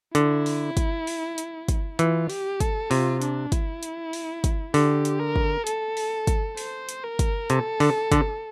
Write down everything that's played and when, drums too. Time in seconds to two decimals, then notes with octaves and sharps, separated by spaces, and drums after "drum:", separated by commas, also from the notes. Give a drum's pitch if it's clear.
0.15 D3 E4, drum: hi-hat
0.46 drum: open hi-hat
0.77 drum: kick, hi-hat
1.07 drum: open hi-hat
1.38 drum: hi-hat
1.68 drum: kick, hi-hat
1.99 E3 F4, drum: hi-hat
2.30 G4, drum: open hi-hat
2.60 A4, drum: kick, hi-hat
2.91 C3 F4, drum: open hi-hat
3.21 D4, drum: hi-hat
3.52 E4, drum: kick, hi-hat
3.83 drum: hi-hat
4.13 drum: open hi-hat
4.44 drum: kick, hi-hat
4.74 D3 G4, drum: open hi-hat
5.05 drum: hi-hat
5.20 A#4
5.36 drum: kick
5.67 A4, drum: hi-hat
5.97 drum: open hi-hat
6.27 drum: kick, hi-hat
6.57 C5, drum: open hi-hat
6.89 drum: hi-hat
7.04 A#4
7.19 drum: kick, hi-hat
7.50 C3 A4, drum: hi-hat
7.80 D3, drum: open hi-hat
8.12 D3, drum: kick, hi-hat